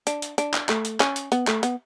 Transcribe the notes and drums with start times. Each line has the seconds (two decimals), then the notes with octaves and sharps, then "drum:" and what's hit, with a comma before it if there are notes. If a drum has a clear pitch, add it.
0.07 D4, drum: hi-hat
0.22 drum: hi-hat
0.38 D4, drum: hi-hat
0.54 drum: clap
0.69 A3, drum: clap
0.85 drum: hi-hat
1.00 C#4, drum: clap
1.16 drum: hi-hat
1.32 B3, drum: hi-hat
1.47 A3, drum: clap
1.63 B3, drum: hi-hat